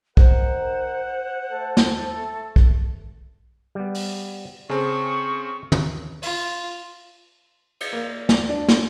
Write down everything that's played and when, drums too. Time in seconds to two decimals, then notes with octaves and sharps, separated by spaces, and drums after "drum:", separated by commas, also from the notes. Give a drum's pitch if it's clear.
0.17 D#3 A#4 C5 F#5, drum: kick B1
1.50 A3 A4
1.77 drum: snare
2.56 drum: kick B1
3.75 G3 B3
3.95 drum: open hi-hat
4.69 C#3 C4 G#4 A4 C#5 C#6
5.72 drum: tom
6.23 F4, drum: open hi-hat
7.80 drum: cymbal
7.93 A#3
8.29 D5, drum: snare
8.49 D4
8.68 drum: snare